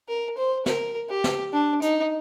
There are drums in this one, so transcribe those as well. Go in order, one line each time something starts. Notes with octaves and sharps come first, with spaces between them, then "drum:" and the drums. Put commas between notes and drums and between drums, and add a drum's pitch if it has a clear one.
A#4
C5
A#4, drum: snare
G4
drum: snare
D4
D#4, drum: hi-hat